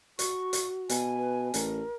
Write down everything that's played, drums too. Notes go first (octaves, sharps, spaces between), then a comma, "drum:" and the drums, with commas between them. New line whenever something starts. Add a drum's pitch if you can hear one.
F#4 C#6, drum: hi-hat
drum: hi-hat
B2 G#5, drum: hi-hat
B4
A1 A#4, drum: hi-hat